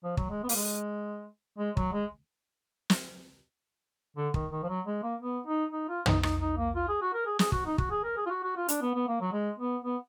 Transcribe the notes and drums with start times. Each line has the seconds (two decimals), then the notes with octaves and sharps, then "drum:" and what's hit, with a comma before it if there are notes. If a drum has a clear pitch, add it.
0.04 F3
0.17 F#3, drum: kick
0.30 G#3
0.43 B3
0.49 A#3, drum: open hi-hat
0.55 G#3
1.58 G#3
1.77 F#3, drum: kick
1.93 G#3
2.90 drum: snare
4.17 D3
4.34 D#3, drum: kick
4.52 D#3
4.63 F3
4.69 F#3
4.86 G#3
5.03 A#3
5.21 B3
5.47 D#4
5.72 D#4
5.89 F4
6.06 D#4, drum: tom
6.23 D#4, drum: rim click
6.41 D#4
6.58 A#3
6.75 F4
6.88 G#4
7.02 F#4
7.14 A#4
7.26 G#4
7.39 G#4, drum: snare
7.52 F#4, drum: kick
7.66 D#4
7.78 F#4, drum: kick
7.91 G#4
8.04 A#4
8.17 G#4
8.26 F4
8.30 F#4
8.43 F#4
8.56 F4
8.68 D4, drum: hi-hat
8.81 B3
8.95 B3
9.08 A#3
9.21 F#3
9.33 G#3
9.59 B3
9.84 B3